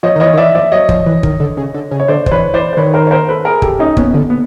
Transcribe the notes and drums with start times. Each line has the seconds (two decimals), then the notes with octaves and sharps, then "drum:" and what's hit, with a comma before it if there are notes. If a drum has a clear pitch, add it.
0.03 F3 C#5 D#5
0.16 D#3
0.20 E3 C#5 D#5
0.34 D#3
0.37 E3 D5 E5
0.55 F3 D5 E5
0.72 F#3 C#5 D#5
0.89 F3, drum: kick
1.06 E3
1.23 D#3, drum: kick
1.40 D3
1.57 C#3
1.74 D3
1.91 C#3
2.00 C#5
2.08 D3 C5 D5
2.26 C5, drum: kick
2.31 E3 B4 C#5
2.54 E3 C5 D5
2.73 C5
2.77 D#3 B4 C#5
2.94 A#4 C5
3.07 C#5
3.11 A#4 C5
3.29 A4 B4
3.45 G#4 A#4
3.62 G4 A4, drum: kick
3.79 C#4 D#4
3.97 B3 C#4, drum: kick
4.14 D3
4.30 B3